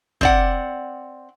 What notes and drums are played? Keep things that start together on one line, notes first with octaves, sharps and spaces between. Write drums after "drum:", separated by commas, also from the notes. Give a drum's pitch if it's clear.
C4 D5 F#5, drum: kick